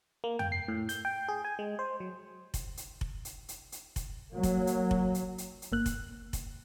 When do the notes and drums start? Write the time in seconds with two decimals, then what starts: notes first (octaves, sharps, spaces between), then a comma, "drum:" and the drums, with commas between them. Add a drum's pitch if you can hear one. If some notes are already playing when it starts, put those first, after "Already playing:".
0.24 A#3
0.39 G5, drum: tom F2
0.52 C7
0.68 A2
0.89 G6, drum: hi-hat
1.05 G5
1.28 G#4
1.45 G#5
1.59 G#3
1.79 C5
2.00 F#3
2.54 drum: kick F1, hi-hat
2.77 drum: hi-hat
3.01 drum: kick F1
3.25 drum: hi-hat
3.49 drum: hi-hat
3.72 drum: hi-hat
3.96 drum: kick F1, hi-hat
4.33 F#3 A#3
4.43 drum: kick F1, hi-hat
4.67 drum: hi-hat
4.91 drum: kick F1
5.15 drum: hi-hat
5.38 drum: hi-hat
5.62 drum: hi-hat
5.72 G1 A#3 F#6
5.86 drum: kick F1, hi-hat
6.33 drum: kick F1, hi-hat